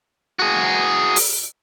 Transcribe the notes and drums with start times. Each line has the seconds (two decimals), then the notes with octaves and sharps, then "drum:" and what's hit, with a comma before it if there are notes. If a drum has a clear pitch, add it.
0.39 F#4 G#4
1.16 drum: open hi-hat